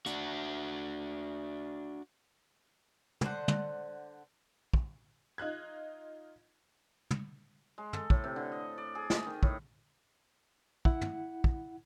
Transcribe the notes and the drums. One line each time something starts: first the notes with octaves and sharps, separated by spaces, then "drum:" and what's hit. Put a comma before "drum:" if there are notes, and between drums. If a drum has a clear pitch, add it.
D4 F#4, drum: hi-hat
D3 D4 C5 F#5, drum: tom
drum: tom
drum: kick
D#4 F4 F#6 G#6
drum: tom
G#3
A4, drum: tom
A2, drum: kick
C3
D3
D#5
D5
G#4
D#5, drum: snare
D#3
A2, drum: kick
E4 F#5, drum: kick
drum: tom
drum: kick